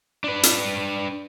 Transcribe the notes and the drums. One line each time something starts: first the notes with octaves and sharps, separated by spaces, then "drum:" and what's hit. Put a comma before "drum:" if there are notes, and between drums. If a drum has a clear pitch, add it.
D4 B4
drum: hi-hat